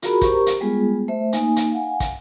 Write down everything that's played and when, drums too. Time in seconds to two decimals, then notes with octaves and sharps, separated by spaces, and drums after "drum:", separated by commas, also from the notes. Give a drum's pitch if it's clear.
0.02 F4 F#4 G#4 A#4 A#5 B5, drum: hi-hat
0.21 G4 A#4 C5 A#5 C#6, drum: kick, hi-hat
0.46 drum: hi-hat
0.61 G3 G#3 B3 F4 G#4
1.08 A3 C5 E5
1.33 A#3 D#4 G#5, drum: hi-hat
1.56 drum: hi-hat
1.72 F5 F#5 G#5
2.00 drum: kick, hi-hat